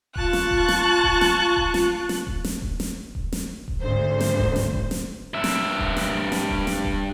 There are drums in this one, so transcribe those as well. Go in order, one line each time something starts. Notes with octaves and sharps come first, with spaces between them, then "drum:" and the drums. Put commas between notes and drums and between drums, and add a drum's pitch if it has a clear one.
F4 A5 C#6 F#6, drum: kick D#1
drum: snare
drum: kick D#1
drum: snare
drum: kick D#1
drum: snare
drum: kick D#1
drum: snare
drum: snare
drum: kick D#1
drum: snare
drum: kick D#1
drum: snare
drum: kick D#1
drum: snare
drum: kick D#1
G#1 D2 C5
drum: snare
drum: kick D#1
drum: snare
drum: kick D#1
drum: snare
G2 E5
drum: snare
drum: kick D#1
drum: snare
drum: snare
drum: kick D#1
drum: snare
drum: kick D#1